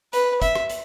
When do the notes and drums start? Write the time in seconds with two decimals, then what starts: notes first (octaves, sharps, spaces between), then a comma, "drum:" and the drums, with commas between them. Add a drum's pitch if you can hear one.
0.13 B4, drum: hi-hat
0.42 E5, drum: kick, hi-hat
0.55 drum: rim click
0.70 drum: hi-hat